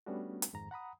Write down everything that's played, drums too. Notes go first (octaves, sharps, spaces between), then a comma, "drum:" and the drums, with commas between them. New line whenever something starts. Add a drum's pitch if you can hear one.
G3 A3 B3 C#4 D4 F#4
drum: hi-hat
F2 G#2 D#3 A#5
F#5 A#5 B5 D#6